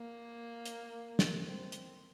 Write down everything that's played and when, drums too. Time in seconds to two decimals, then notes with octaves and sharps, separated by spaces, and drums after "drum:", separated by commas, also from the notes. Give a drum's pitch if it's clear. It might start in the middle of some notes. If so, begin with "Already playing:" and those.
Already playing: A#3
0.65 drum: hi-hat
1.19 drum: snare
1.45 C4
1.72 drum: hi-hat